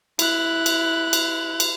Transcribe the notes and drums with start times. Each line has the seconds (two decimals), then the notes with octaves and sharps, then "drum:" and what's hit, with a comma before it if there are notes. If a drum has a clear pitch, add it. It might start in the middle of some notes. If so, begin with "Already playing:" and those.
0.19 E4 F#6, drum: cymbal
0.66 drum: cymbal
1.13 drum: cymbal
1.60 drum: cymbal